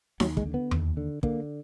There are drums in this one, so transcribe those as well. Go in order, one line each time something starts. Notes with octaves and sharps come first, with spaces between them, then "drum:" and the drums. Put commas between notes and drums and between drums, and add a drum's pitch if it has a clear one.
D#2 F#3, drum: snare D#4
G#3, drum: kick
D3
B3
D#2, drum: tom E2
D3
D3 A#3, drum: kick